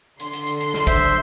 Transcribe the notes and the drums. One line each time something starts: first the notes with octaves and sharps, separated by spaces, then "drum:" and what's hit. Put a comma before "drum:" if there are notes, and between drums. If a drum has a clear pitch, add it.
D3 C6, drum: hi-hat
drum: hi-hat
drum: hi-hat
drum: hi-hat
drum: snare
C5 E5, drum: kick, hi-hat